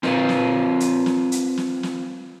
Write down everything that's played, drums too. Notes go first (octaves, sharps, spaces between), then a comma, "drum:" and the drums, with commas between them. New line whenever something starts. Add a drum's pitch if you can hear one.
C4 F4 A#4 B4, drum: snare
drum: snare
drum: hi-hat
drum: snare
drum: hi-hat
drum: snare
drum: snare